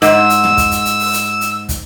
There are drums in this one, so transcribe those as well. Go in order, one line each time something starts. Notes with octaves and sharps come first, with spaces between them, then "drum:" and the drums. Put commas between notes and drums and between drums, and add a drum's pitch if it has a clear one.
G#2 E6, drum: hi-hat
drum: hi-hat
drum: tom
drum: kick, hi-hat
drum: hi-hat
drum: hi-hat
drum: open hi-hat
drum: hi-hat
drum: hi-hat
drum: kick, hi-hat